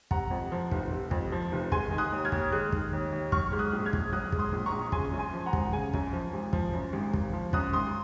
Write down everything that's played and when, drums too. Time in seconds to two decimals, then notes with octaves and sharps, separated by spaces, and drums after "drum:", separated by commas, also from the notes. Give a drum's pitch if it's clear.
0.11 C3 F#5 A#5, drum: kick
0.31 F2
0.52 F3
0.71 F1, drum: kick
0.92 C3
1.11 F2, drum: kick
1.32 F3
1.52 F1
1.72 G#3 G#5 C6, drum: kick
1.92 D#3
1.98 D#6 F#6
2.12 D#2
2.25 F6 G#6
2.32 D#2, drum: kick
2.52 G#3 D#6 F#6
2.72 D#3, drum: kick
2.93 D#2
3.12 D#2
3.32 F#3 C#6 F6, drum: kick
3.52 G#2 F6
3.59 D#6 F#6
3.73 A#1
3.85 F6 G#6
3.93 A#1, drum: kick
4.12 F#3 D#6 F#6
4.32 G#2, drum: kick
4.39 C6 D#6
4.53 A#1
4.66 A#5 C#6
4.72 A#1
4.92 C#3 G#5 C6, drum: kick
5.13 F#2
5.19 G#5 C6
5.33 F3
5.46 F#5 A#5
5.53 G#1, drum: kick
5.73 C#3 G#5
5.93 F#2, drum: kick
6.13 F3
6.33 G#1
6.53 F3, drum: kick
6.74 F#2
6.93 G#1
7.14 G#1, drum: kick
7.33 F3
7.53 F#2 D#6 F#6, drum: kick
7.73 G#1 C6 D#6